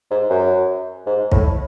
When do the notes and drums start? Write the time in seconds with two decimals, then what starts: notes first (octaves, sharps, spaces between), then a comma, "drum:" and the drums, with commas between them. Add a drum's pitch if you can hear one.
0.11 G#2
0.30 F#2
1.06 G#2
1.32 A2, drum: kick